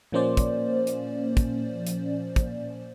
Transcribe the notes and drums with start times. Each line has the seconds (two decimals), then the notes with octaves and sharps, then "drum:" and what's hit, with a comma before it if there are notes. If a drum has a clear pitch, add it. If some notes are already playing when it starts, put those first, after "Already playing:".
0.12 A#2 F3 A#3 C#4 C5 D5
0.37 drum: kick, hi-hat
0.87 drum: hi-hat
1.37 drum: kick, hi-hat
1.87 drum: hi-hat
2.36 drum: kick, hi-hat